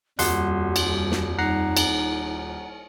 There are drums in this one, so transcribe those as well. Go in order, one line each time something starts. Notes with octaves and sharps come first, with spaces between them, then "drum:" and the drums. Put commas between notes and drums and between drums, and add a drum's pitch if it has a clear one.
D#1 F2 G3 F#4 F#5 C6, drum: hi-hat
drum: cymbal
drum: snare
D#4 F#5 A#5 C7
drum: cymbal